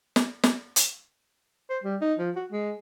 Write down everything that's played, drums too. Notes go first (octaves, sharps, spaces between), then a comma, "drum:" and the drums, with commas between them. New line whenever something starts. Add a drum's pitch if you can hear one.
drum: snare
drum: snare
drum: hi-hat
C5
G3
D#4
F3
F#4
G#3